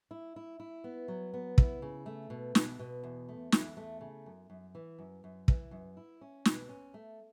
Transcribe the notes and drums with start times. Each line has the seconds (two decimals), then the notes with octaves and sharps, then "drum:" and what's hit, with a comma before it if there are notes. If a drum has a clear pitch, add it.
0.11 E4
0.36 E4
0.60 E4
0.84 B3
1.08 F#3
1.34 B3
1.58 E4, drum: kick
1.82 C#3
2.06 A3
2.30 B2
2.55 B2, drum: snare
2.79 B2
3.04 E2
3.29 A3
3.52 E2, drum: snare
3.77 A3
4.01 C#3
4.26 F#2
4.50 F#2
4.75 E3
4.99 F#2
5.24 F#2
5.48 E3, drum: kick
5.71 F#2
5.97 E4
6.21 C#4
6.45 B2, drum: snare
6.69 C#4
6.94 A3